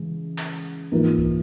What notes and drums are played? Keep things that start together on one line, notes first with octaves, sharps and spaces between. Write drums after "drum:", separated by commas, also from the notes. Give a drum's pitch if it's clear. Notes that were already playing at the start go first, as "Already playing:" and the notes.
Already playing: C#3 E3 G#3
drum: clap
G#2 E3 A#3 F4 A#4
drum: kick